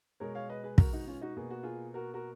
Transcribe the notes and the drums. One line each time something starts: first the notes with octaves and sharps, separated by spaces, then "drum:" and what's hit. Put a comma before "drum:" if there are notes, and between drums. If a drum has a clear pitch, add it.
B2 G#3 B3 A#4 C#5
C#5 F5
B4 D#5
G#4 B4
F#4 A#4, drum: kick
D#4 F#4
C#4 F4
D#4 F#4
B2 A#3 G#4
F#4
F4 G#4
F#4 A#4
F#4 A#4